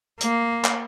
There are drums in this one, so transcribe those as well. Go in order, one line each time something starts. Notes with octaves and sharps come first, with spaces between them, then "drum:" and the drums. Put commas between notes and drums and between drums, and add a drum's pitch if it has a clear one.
A#3, drum: hi-hat
drum: clap